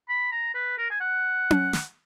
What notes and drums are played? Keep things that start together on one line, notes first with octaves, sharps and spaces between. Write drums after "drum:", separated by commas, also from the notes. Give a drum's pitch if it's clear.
B5
A#5
B4
A#4
G#5
F#5
drum: tom C#4
drum: snare